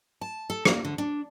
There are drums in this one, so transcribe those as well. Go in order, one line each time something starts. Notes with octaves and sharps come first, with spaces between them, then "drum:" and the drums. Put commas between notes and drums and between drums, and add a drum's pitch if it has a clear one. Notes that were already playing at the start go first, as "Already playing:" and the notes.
A5
A4
A#3, drum: rim click
D3
D4